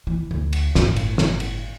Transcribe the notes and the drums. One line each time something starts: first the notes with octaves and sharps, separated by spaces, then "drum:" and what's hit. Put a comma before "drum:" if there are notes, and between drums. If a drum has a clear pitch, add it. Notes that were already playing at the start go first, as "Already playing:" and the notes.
E3
D2
drum: cymbal
G1 A2, drum: snare
drum: cymbal
drum: snare
drum: cymbal